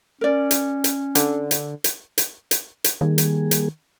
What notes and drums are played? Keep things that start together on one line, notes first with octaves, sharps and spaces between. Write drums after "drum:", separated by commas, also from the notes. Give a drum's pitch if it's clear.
C#4 A#4 D5
drum: hi-hat
drum: hi-hat
D3, drum: hi-hat
drum: hi-hat
drum: hi-hat
drum: hi-hat
drum: hi-hat
drum: hi-hat
D#3 G3 A#3 G#4
drum: hi-hat
drum: hi-hat